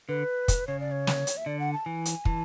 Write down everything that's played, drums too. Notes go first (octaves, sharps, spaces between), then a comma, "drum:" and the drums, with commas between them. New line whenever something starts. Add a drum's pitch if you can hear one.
D3 B4
drum: kick, hi-hat
C#3 C#5
D5
C#5
drum: snare
drum: hi-hat
E5
D3 D5
F#5
A5
E3 G#5
drum: hi-hat
E3 A5, drum: kick